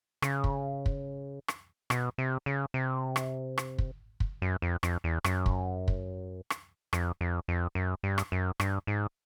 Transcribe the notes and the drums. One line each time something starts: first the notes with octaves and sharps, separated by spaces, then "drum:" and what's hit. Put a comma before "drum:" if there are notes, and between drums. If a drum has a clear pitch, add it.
C#3, drum: rim click
drum: kick
drum: kick
drum: rim click
B2, drum: rim click
C3
C#3
C3
drum: rim click
drum: rim click
drum: kick
drum: kick
F#2
F2
F2, drum: rim click
E2
F#2, drum: rim click
drum: kick
drum: kick
drum: rim click
F2, drum: rim click
F2
F2
F#2
G2
drum: rim click
F#2
G2, drum: rim click
G#2